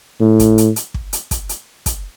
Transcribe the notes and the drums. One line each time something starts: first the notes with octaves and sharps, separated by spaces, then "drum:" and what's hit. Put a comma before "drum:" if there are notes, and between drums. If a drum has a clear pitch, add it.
A2
drum: kick, hi-hat
drum: hi-hat
drum: hi-hat
drum: kick
drum: hi-hat
drum: kick, hi-hat
drum: hi-hat
drum: kick, hi-hat